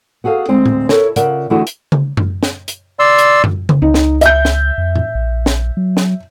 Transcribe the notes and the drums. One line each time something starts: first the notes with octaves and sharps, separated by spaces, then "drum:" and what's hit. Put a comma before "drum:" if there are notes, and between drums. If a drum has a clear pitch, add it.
B3 F#4 G#4 A4 F5
D2 G#3 C4 C5 G5
drum: tom A2
E4 A4 A#4 C#5, drum: snare
C#3 F4 A#4 D5 E5 F#5, drum: hi-hat
D3 E3 A3 E4 F#4 G#4
drum: hi-hat
drum: tom C#3
drum: tom F#2
drum: snare
drum: hi-hat
D5 C6 E6
drum: hi-hat
drum: tom F#2
drum: tom C#3
C#2 D#4
drum: snare
E5 G6, drum: hi-hat
drum: snare
F2
drum: tom A2
A#1
drum: snare
F#3
drum: snare